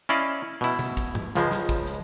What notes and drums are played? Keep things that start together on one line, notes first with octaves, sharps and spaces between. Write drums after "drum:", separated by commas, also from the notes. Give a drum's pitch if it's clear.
C#4 E4 D5 D#5 F5
B2 E4, drum: open hi-hat
drum: tom B2
drum: kick, hi-hat
drum: tom G2
C#2 C#3 F3 G#3, drum: hi-hat
drum: snare
drum: kick, hi-hat
drum: hi-hat